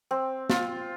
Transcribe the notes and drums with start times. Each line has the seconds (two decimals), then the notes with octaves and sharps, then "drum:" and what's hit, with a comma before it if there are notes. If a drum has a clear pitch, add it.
0.11 C4
0.50 F4, drum: snare